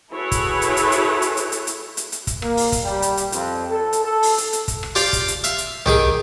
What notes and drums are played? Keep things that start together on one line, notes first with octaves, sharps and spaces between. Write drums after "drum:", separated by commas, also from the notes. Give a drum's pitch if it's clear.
E4 F#4 G#4 A4 B4 C#5
drum: kick, hi-hat
drum: hi-hat
drum: hi-hat
drum: hi-hat
drum: hi-hat
drum: hi-hat
drum: hi-hat
drum: hi-hat
drum: hi-hat
drum: hi-hat
drum: kick, hi-hat
A#3, drum: rim click
drum: open hi-hat
drum: kick, hi-hat
G3
drum: hi-hat
drum: hi-hat
F2, drum: hi-hat
A4
drum: hi-hat
A4
drum: open hi-hat
drum: hi-hat
drum: hi-hat
drum: kick, hi-hat
drum: rim click
F4 G4 D5 F5, drum: open hi-hat
drum: kick, hi-hat
drum: hi-hat
E5 F5, drum: hi-hat
drum: hi-hat
D#3 G4 G#4, drum: tom B1